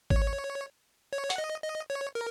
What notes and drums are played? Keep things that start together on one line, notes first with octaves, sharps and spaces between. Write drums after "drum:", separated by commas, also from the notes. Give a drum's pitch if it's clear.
C#5, drum: kick G#1
C#5
F#5, drum: hi-hat
D#5
D#5
C#5
A#4